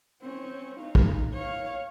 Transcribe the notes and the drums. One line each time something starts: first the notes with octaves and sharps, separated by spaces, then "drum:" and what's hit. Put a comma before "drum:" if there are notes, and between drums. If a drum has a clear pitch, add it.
C4 C#4
D#4 F5
drum: kick
C#5 F5